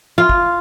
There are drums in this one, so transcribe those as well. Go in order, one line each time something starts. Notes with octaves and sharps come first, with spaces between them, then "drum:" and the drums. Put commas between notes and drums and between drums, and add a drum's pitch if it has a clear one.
F4
drum: kick